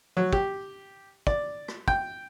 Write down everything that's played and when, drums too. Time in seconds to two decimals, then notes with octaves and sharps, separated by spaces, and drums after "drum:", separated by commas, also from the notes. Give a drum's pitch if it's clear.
0.17 F#3
0.33 G4, drum: kick
1.27 D5, drum: kick
1.68 drum: rim click
1.88 G5, drum: kick